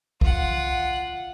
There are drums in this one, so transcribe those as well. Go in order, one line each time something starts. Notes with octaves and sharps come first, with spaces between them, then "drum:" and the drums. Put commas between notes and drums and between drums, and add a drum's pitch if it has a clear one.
F4 F#5, drum: kick